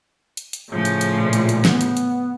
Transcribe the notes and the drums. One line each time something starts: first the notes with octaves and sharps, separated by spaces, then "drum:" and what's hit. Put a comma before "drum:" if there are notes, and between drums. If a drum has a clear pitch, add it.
drum: hi-hat
drum: hi-hat
A2 C#3 F3
drum: hi-hat
drum: hi-hat
A#2
drum: hi-hat
drum: hi-hat
B3, drum: snare
drum: hi-hat
drum: hi-hat